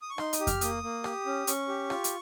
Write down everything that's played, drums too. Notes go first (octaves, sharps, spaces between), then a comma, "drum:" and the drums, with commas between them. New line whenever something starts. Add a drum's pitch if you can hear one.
D#6
C#6
D#4 C6, drum: rim click
D#6, drum: hi-hat
G4
F6, drum: kick F2, hi-hat
A#3 D#6, drum: hi-hat
A#3
G4, drum: rim click
C#4
C#4 C#6, drum: hi-hat
G4
F4, drum: rim click
drum: hi-hat